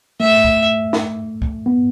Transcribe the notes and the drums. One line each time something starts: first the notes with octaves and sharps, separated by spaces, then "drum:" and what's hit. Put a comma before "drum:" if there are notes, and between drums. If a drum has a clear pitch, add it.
A3 E5
drum: kick
drum: snare
drum: kick
B3